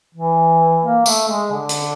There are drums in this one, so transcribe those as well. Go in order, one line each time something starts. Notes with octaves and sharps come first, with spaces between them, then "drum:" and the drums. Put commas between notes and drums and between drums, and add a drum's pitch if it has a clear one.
E3
A#3
A3, drum: tambourine
G#3
D3
drum: hi-hat